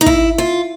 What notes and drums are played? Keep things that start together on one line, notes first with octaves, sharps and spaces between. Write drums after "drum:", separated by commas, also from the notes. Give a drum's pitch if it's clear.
D#4
E4, drum: kick
F4